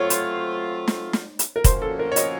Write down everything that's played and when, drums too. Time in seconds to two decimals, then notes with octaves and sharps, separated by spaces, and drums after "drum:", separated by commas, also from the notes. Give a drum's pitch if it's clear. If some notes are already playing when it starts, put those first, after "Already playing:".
Already playing: F#3 A3 C4 F4 C#5
0.10 C5, drum: hi-hat
0.88 drum: snare
1.13 drum: snare
1.39 drum: hi-hat
1.56 A#4
1.64 A#2 F3 A#3 C#4 F#4 C5, drum: kick, hi-hat
1.82 A4
1.99 A#4
2.12 C#5
2.16 D#5, drum: hi-hat